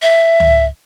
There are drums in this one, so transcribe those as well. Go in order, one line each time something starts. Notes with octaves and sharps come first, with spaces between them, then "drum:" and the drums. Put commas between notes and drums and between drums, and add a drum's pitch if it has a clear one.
E5
drum: tom C#2